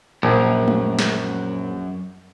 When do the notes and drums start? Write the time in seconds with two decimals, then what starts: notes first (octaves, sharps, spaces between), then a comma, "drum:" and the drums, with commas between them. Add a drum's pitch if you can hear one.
0.23 A#1 F#2
0.68 drum: tom G#3
0.99 drum: snare